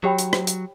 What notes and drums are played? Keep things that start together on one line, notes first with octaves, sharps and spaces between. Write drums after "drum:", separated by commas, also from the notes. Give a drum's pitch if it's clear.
F#3 G4 C#5 G5 B5
drum: hi-hat
drum: rim click
drum: hi-hat